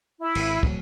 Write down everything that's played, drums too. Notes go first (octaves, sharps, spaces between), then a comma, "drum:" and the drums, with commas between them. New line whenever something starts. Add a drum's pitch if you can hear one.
E4
G#1, drum: cymbal
D1 F#3, drum: kick